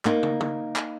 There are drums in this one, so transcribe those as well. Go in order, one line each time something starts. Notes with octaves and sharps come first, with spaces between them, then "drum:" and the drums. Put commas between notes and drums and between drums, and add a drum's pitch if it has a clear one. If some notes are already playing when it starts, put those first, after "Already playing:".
A#3 D#4, drum: clap
drum: tom
drum: tom
drum: clap